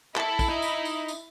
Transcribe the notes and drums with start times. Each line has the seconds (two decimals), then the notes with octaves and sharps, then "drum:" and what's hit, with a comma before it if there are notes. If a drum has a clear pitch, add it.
0.16 E4 A4 A5 B5, drum: clap
0.39 drum: kick A#1, tambourine
0.49 D#4
0.62 drum: tambourine
0.85 drum: tambourine
1.08 drum: tambourine